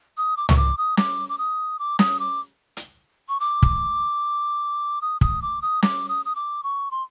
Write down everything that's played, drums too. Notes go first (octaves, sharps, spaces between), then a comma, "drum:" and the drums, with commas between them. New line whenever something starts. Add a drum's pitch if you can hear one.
D#6
D6
C#6, drum: tom
D6
D#6
D6, drum: snare
D6
D#6
D6
D#6, drum: snare
D6
drum: hi-hat
C#6
D6
drum: kick
D#6
D#6, drum: kick
D6
D#6
D6, drum: snare
D#6
D#6
D6
C#6
C6